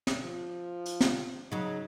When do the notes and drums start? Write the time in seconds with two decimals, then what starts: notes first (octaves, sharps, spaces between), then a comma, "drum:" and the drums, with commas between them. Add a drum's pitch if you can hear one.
0.07 drum: snare
0.25 F3
0.86 drum: hi-hat
1.01 drum: snare
1.52 C#3 F#3 D#4